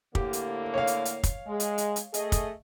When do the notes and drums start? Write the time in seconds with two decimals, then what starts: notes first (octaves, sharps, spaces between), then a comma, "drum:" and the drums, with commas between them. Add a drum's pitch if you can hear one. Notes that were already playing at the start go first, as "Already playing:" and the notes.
0.15 A2 D3 A#3 G4, drum: kick
0.33 drum: hi-hat
0.74 C#5 F5
0.87 drum: hi-hat
1.05 drum: hi-hat
1.23 drum: kick, hi-hat
1.47 G#3
1.60 drum: hi-hat
1.78 drum: hi-hat
1.96 drum: hi-hat
2.14 A3 G#4 D#5, drum: hi-hat
2.32 drum: kick, hi-hat